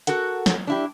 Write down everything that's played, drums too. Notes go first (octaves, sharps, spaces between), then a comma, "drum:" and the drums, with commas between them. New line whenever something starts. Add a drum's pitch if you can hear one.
F#4 A4 A#4 F#5, drum: hi-hat
drum: snare
D4 E4 G4